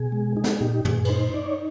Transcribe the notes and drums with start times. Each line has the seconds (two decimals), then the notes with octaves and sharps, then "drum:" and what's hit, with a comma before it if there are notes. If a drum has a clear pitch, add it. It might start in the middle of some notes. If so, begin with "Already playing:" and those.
Already playing: B2 G#4
0.12 G#3
0.36 D#4 G#4
0.44 A4, drum: snare
0.52 G#4
0.60 A#2 G4
0.85 A#2 G#4, drum: tom
1.05 B4, drum: cymbal
1.09 D#4 C5
1.34 D#4 D5
1.46 C#5